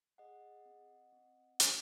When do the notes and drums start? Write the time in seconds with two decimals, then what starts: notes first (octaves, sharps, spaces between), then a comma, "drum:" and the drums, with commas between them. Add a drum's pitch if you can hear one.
0.18 G#4 D#5 F#5
0.65 C4
1.13 C4
1.60 C4, drum: hi-hat